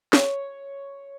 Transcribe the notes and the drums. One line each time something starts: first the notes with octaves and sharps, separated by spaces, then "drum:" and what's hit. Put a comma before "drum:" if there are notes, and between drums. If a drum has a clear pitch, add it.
C#5, drum: snare